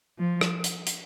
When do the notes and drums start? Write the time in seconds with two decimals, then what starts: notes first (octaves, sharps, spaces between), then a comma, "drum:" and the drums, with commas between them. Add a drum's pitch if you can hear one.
0.19 F3
0.41 drum: rim click
0.64 drum: hi-hat
0.87 drum: hi-hat